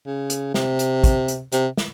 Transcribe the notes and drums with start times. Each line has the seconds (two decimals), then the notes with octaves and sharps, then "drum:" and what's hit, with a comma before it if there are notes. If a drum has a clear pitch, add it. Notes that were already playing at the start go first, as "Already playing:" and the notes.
0.06 C#3
0.30 drum: hi-hat
0.54 C3, drum: snare
0.79 drum: hi-hat
1.04 drum: kick, hi-hat
1.28 drum: hi-hat
1.52 C3, drum: hi-hat
1.77 drum: snare